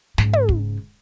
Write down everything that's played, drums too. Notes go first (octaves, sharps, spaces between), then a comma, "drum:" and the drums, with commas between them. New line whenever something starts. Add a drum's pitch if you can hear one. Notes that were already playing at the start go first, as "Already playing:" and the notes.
G#2 C#3, drum: snare
drum: tom
drum: kick